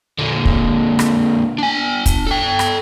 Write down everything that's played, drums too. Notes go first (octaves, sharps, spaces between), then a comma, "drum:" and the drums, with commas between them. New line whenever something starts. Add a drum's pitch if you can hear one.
A#2 D3
drum: kick
drum: rim click
D4 G#5
drum: kick, hi-hat
A4 G5
drum: rim click